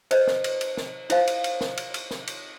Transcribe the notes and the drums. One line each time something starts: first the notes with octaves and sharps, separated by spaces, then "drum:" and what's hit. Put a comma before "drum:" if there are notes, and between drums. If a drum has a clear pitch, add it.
B4 C5 D#5, drum: cymbal
drum: snare
drum: cymbal
drum: cymbal
drum: snare
E4 C5 F5, drum: cymbal
drum: cymbal
drum: cymbal
drum: snare
drum: cymbal
drum: cymbal
drum: snare
drum: cymbal